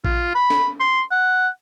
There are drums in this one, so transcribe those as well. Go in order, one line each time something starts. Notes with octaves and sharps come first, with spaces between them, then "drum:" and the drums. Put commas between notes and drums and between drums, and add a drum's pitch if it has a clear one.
F4, drum: kick A#1
B5
drum: snare
C6
F#5